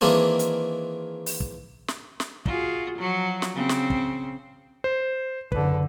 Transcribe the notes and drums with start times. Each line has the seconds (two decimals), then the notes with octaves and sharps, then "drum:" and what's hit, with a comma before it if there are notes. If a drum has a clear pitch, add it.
0.01 D#3 E3 G#3 A#3 C4 D4
0.39 drum: hi-hat
1.26 drum: open hi-hat
1.40 drum: kick
1.88 drum: snare
2.20 drum: snare
2.46 F4 F#4 G#4, drum: kick
2.98 F3 F#3 F#4
3.42 drum: snare
3.55 C#3 C4
3.69 drum: snare
3.90 drum: kick
4.84 C5
5.52 F#1 D3 B4, drum: kick